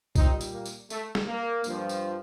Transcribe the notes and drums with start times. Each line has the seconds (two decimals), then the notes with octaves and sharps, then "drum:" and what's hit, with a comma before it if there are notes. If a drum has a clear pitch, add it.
0.15 A#2 G3 C4 D#4, drum: kick C2, tambourine
0.41 drum: tambourine
0.53 A#3
0.65 drum: tambourine
0.90 A3, drum: tambourine
1.15 drum: snare
1.28 A#3
1.64 G2 F3, drum: tambourine
1.89 drum: tambourine